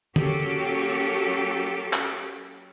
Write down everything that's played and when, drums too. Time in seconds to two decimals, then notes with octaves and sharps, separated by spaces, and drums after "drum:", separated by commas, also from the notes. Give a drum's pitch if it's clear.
0.16 F#3 A#3 C#4 F#4 G4 A4, drum: tom D3
1.93 drum: clap